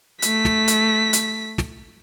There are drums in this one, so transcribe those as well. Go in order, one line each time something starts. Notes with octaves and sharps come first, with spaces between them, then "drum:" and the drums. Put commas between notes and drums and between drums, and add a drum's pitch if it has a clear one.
A3 B6, drum: hi-hat
drum: snare
drum: hi-hat
drum: hi-hat
drum: snare